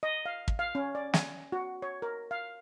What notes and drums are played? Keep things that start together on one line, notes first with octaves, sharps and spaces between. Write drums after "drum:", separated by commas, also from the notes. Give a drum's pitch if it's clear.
D#5
F5
drum: kick
F5
C#4
D5
G#5, drum: snare
F#4
C#5
A#4
F5